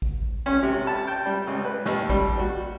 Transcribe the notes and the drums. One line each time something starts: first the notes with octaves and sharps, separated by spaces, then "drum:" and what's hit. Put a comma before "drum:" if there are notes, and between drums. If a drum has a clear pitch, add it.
drum: kick A1
C#4
C3
A5
G5
G3
C#2
B4
D#2, drum: snare
G3, drum: kick A1
F#4